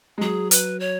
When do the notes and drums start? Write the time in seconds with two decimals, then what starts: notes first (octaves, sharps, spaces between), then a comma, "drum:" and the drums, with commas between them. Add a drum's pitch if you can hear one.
0.18 G#3
0.21 F#3 G#4
0.51 B4, drum: hi-hat
0.80 C#5